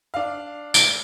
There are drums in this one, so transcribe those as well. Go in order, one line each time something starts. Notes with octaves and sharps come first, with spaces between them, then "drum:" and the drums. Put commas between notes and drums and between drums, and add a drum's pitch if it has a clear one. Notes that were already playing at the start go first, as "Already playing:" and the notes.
D4 F5
D7, drum: tambourine